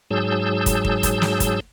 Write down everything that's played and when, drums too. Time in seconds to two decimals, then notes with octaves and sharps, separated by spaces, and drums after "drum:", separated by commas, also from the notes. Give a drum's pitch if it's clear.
0.11 G#2 F#3 G#4 A5 E6 G6
0.66 drum: kick, hi-hat
0.85 drum: kick
1.03 drum: kick, hi-hat
1.22 drum: snare
1.40 drum: kick, hi-hat